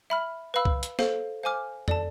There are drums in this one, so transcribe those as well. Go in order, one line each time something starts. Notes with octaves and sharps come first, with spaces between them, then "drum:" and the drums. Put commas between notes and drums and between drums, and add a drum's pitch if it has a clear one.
E5 B5 F6
B4 F5 B5 E6
drum: kick C2
drum: hi-hat
A4 C5 F5, drum: snare
C5 F5 G#5 D6 F6
A4 D5 A5, drum: tom